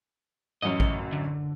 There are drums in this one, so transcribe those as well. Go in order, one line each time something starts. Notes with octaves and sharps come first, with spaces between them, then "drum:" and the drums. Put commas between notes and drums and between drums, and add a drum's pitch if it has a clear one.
A1 F#2 C#4 D#5
drum: kick A1
D3